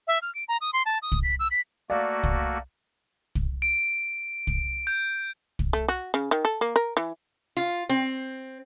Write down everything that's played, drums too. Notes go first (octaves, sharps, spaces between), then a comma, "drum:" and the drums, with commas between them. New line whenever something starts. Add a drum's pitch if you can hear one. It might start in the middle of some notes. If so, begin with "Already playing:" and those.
E5
F6
D7
A#5
D#6
C6
A5
D#6
drum: kick
B6
E6
B6
A3 A#3 F#4 D5 F5
drum: kick
drum: kick
D7
drum: kick
G6
drum: kick
A3
F#4
C#3
D#3
A4
A#3
A#4
E3
F4
C4